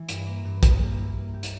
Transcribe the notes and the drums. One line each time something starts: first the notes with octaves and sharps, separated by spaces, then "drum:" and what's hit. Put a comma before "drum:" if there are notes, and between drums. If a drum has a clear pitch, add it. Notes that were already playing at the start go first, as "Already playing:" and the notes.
Already playing: E3
G2, drum: hi-hat
A#3
G2
G4, drum: kick, hi-hat
A#3
E4
A#3
G4
drum: hi-hat